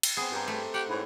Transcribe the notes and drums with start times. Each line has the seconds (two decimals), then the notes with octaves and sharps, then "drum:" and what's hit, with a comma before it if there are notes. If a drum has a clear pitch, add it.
0.03 drum: cymbal
0.17 B3 C4 G#4
0.32 G2 G4 A#5
0.48 A3 A4
0.74 G4 F#5
0.89 G#2 E4 B4 C#5